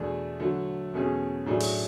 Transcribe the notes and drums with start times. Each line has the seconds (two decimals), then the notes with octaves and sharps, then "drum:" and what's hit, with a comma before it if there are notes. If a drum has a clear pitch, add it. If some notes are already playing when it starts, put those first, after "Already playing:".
Already playing: E2 B2 A3 D4 G#4
0.40 D3 F#3 A3
0.93 E2 B2 A3 C#4 G#4
1.46 A2 F#3 A3 D4 G#4
1.60 drum: open hi-hat